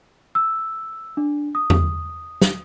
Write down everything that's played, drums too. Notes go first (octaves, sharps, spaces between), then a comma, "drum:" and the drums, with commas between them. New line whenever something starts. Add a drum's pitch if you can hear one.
E6
D4
D#6
drum: tom E2
drum: snare